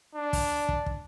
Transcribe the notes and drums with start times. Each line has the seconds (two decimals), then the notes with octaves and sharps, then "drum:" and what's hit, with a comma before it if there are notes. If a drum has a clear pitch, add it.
0.15 D4
0.33 drum: kick, open hi-hat
0.69 drum: kick
0.86 drum: kick